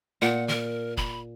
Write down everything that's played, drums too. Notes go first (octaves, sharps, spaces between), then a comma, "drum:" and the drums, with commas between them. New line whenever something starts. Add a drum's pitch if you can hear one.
A#2 F#5
A#4, drum: snare
B5, drum: kick F#1